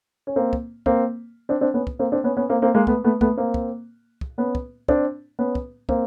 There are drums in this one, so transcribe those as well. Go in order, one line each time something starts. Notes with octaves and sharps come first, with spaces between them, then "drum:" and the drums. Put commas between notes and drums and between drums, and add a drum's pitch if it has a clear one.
C#4
A#3 C4
drum: kick
A#3 C4, drum: kick
C4 D4
C4 D4
B3 C#4
drum: kick
A#3 C4
C4 D4
B3 C#4
B3 C#4
A#3 C4
A#3 C4
G#3 A#3
A3 B3, drum: kick
A3 B3
A3 B3, drum: kick
A#3 C4
drum: kick
drum: kick
B3 C#4
drum: kick
C4 D4, drum: kick
B3 C#4
drum: kick
A#3 C4, drum: kick